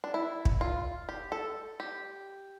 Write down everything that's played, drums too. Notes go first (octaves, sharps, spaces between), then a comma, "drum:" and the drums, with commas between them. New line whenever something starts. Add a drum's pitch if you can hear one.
D4
E4
drum: kick
F4
G4
A4
G4